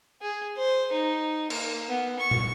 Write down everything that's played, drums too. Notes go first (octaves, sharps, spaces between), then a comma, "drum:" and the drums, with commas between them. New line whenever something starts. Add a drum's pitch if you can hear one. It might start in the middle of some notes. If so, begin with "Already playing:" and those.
G#4
C5
D#4
A#3, drum: cymbal
B3
C#6
drum: tom